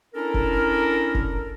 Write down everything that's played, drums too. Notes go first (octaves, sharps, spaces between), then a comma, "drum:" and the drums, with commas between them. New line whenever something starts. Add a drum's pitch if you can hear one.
C#4 D4 E4 A4 A#4
drum: kick F#1
drum: kick F#1